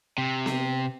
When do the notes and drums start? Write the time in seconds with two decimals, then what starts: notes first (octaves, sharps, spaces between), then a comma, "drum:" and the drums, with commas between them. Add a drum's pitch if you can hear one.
0.18 C3
0.46 drum: snare B3